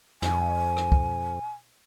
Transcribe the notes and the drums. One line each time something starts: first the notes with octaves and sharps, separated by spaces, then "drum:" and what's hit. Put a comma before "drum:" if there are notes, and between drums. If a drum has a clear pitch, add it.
F2 G#5, drum: snare
drum: rim click
drum: kick